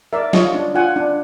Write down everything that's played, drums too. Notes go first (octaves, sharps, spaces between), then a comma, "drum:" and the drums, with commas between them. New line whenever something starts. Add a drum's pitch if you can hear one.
A#4 D5 E5
F4 C#5 D#5, drum: snare
D4
F4 F#5 G#5
D4